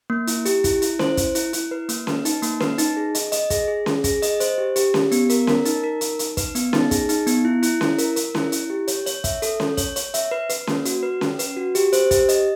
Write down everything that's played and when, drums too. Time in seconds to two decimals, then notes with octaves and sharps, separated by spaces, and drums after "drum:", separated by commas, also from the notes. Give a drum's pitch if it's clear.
0.10 A#3
0.27 E4, drum: hi-hat
0.45 G4, drum: hi-hat
0.64 E4, drum: kick, hi-hat
0.82 E4, drum: hi-hat
0.99 C5, drum: snare C#4
1.17 E4, drum: kick, hi-hat
1.35 E4, drum: hi-hat
1.53 E4, drum: hi-hat
1.71 B4
1.89 A#3, drum: hi-hat
2.07 B4, drum: snare C#4
2.25 D#4, drum: hi-hat
2.42 A#3, drum: hi-hat
2.60 B4, drum: snare C#4
2.78 D#4, drum: hi-hat
2.97 G#4
3.15 D#5, drum: hi-hat
3.32 D#5, drum: hi-hat
3.50 G#4, drum: kick, hi-hat
3.68 G#4
3.86 G#4, drum: snare C#4
4.04 G#4, drum: kick, hi-hat
4.22 D#5, drum: hi-hat
4.40 C5, drum: hi-hat
4.58 G4
4.76 G4, drum: hi-hat
4.94 G4, drum: snare C#4
5.12 B3, drum: hi-hat
5.29 A#4, drum: hi-hat
5.47 A#4, drum: snare C#4
5.65 D#4, drum: hi-hat
5.84 A#4
6.01 D#4, drum: hi-hat
6.19 D#4, drum: hi-hat
6.37 B4, drum: kick, hi-hat
6.55 B3, drum: hi-hat
6.73 D#4, drum: snare C#4
6.91 G#4, drum: kick, hi-hat
7.09 D#4, drum: hi-hat
7.27 B3, drum: hi-hat
7.45 E4
7.63 E4, drum: hi-hat
7.81 E4, drum: snare C#4
7.98 A#4, drum: hi-hat
8.16 A#4, drum: hi-hat
8.35 E4, drum: snare C#4
8.52 E4, drum: hi-hat
8.70 G4
8.88 C#5, drum: hi-hat
9.06 C#5, drum: hi-hat
9.24 E5, drum: kick, hi-hat
9.42 A4, drum: hi-hat
9.60 C#5, drum: snare C#4
9.77 C#5, drum: kick, hi-hat
9.96 C#5, drum: hi-hat
10.14 E5, drum: hi-hat
10.31 B4
10.49 B4, drum: hi-hat
10.67 A#3, drum: snare C#4
10.85 F#4, drum: hi-hat
11.03 B4
11.21 C#4, drum: snare C#4
11.39 B4, drum: hi-hat
11.57 F#4
11.75 G4, drum: hi-hat
11.93 C5, drum: hi-hat
12.11 G4, drum: kick, hi-hat
12.29 D#5, drum: hi-hat